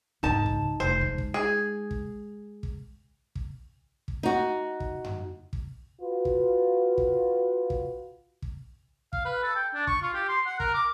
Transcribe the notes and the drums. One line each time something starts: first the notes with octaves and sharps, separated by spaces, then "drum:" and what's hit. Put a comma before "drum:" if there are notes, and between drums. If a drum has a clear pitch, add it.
C#2 G#2 D#4 A5
drum: kick
F1 C5
G#3
drum: kick
G#4
drum: kick
drum: kick
drum: kick
drum: kick
D#4 F#4
drum: kick
drum: tom F#2
drum: kick
F4 F#4 B4
drum: kick
drum: kick
drum: kick
drum: kick
F5, drum: kick
B4
A4
G5
D4
C#6, drum: kick
F4
G4
C6
F#5
A#4, drum: kick
D6